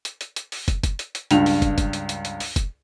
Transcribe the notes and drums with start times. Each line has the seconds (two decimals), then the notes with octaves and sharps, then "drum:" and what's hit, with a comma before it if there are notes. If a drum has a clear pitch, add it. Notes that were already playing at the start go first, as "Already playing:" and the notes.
0.05 drum: hi-hat
0.21 drum: hi-hat
0.36 drum: hi-hat
0.52 drum: open hi-hat
0.68 drum: kick, hi-hat
0.83 drum: kick, hi-hat
0.99 drum: hi-hat
1.15 drum: hi-hat
1.31 C#2 G2 F7, drum: hi-hat
1.46 drum: open hi-hat
1.62 drum: kick, hi-hat
1.78 drum: kick, hi-hat
1.93 drum: hi-hat
2.09 drum: hi-hat
2.25 drum: hi-hat
2.40 drum: open hi-hat
2.56 drum: kick, hi-hat